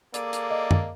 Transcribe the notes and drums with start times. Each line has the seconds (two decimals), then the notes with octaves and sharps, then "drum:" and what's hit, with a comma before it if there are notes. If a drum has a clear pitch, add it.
0.14 A#3 G#4 A4 D5, drum: hi-hat
0.33 drum: hi-hat
0.50 D#5
0.71 drum: tom F#2